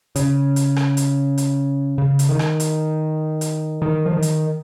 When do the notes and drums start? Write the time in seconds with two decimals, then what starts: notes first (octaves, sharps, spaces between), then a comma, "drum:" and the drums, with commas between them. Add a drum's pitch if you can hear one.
0.16 C#3, drum: hi-hat
0.56 drum: hi-hat
0.76 drum: rim click
0.97 drum: hi-hat
1.38 drum: hi-hat
1.98 C#3
2.19 drum: hi-hat
2.29 D#3
2.39 drum: rim click
2.60 drum: hi-hat
3.41 drum: hi-hat
3.82 D#3
4.06 F3
4.13 D#3
4.22 drum: hi-hat